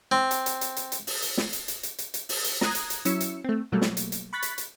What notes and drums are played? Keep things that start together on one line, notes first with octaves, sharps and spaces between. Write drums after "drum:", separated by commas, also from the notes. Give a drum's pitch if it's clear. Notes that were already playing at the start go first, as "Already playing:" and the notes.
C4
drum: hi-hat
drum: hi-hat
drum: hi-hat
drum: hi-hat
drum: hi-hat
drum: open hi-hat
drum: hi-hat
drum: snare
drum: hi-hat
drum: hi-hat
drum: hi-hat
drum: hi-hat
drum: hi-hat
drum: open hi-hat
drum: hi-hat
A#5 D#6 F#6 G#6, drum: snare
drum: hi-hat
drum: hi-hat
F#3 C#4 E4 E6 C#7, drum: hi-hat
drum: hi-hat
A3 C4
B2 F#3 G3 A3 A#3
drum: snare
drum: hi-hat
drum: hi-hat
B5 C#6 F#6 A6 B6
drum: hi-hat
drum: hi-hat